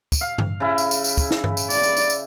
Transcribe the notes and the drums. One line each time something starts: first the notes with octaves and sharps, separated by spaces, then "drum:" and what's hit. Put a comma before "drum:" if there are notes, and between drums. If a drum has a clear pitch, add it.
drum: kick, tambourine
F5
drum: tom G2
C#3 E4
drum: tambourine
drum: tambourine
drum: tambourine
drum: kick, tambourine
drum: snare
drum: tom G2
drum: tambourine
D5, drum: tambourine
drum: tambourine
drum: tambourine
drum: tambourine